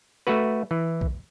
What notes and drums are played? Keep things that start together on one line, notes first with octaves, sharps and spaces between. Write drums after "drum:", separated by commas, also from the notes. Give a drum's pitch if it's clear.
A3 F#4 B4
E3
drum: kick B1